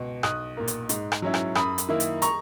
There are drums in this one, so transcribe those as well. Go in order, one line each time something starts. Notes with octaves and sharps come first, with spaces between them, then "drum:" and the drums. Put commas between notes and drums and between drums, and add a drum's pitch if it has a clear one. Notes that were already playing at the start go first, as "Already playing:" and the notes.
Already playing: C#2 B2
B1 D#6 F#6, drum: rim click
A#2 A#3
drum: hi-hat
G#2, drum: hi-hat
drum: rim click
F#3 C#4 E4
drum: rim click
F#2 B5 D#6, drum: rim click
drum: hi-hat
D#3 A#3 E4
drum: hi-hat
A#5 C#6, drum: hi-hat